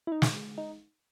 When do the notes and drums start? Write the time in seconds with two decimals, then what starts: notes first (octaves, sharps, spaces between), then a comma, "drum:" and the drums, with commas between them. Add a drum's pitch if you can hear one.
0.07 E4
0.12 D#4
0.22 drum: snare
0.58 D#4